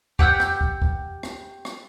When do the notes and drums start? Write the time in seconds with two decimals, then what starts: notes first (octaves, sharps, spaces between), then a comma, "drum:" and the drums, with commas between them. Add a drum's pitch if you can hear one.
0.19 G4 F#5 E6 G6, drum: kick
0.40 drum: rim click
0.61 drum: kick
0.82 drum: kick
1.23 drum: rim click
1.65 drum: rim click